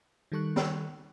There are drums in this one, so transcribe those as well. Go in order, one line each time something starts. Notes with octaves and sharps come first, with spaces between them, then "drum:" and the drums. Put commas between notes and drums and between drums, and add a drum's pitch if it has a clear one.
D#3 G3 A4 C#6 F#6
drum: snare